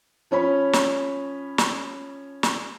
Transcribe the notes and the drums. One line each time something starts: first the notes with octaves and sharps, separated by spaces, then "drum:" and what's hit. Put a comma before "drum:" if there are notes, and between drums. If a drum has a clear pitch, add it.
F3 C#4 C#5 B5
drum: snare
drum: snare
drum: snare